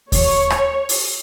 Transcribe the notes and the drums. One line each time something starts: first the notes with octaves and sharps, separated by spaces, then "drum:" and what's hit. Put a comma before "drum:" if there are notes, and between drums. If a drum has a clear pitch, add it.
C#5, drum: kick D#2, open hi-hat
drum: rim click
drum: open hi-hat